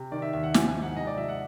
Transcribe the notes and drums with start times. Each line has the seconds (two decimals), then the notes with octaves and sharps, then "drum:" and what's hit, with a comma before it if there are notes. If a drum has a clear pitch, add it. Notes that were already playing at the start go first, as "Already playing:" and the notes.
Already playing: C3
0.12 D#3 D5
0.22 E5
0.33 D#2 E5
0.43 F#5
0.54 F3 G#5, drum: snare
0.68 G#5
0.75 G#2
0.82 F#5
0.96 C3 D#5
1.07 D5
1.18 F3 E5
1.28 F#5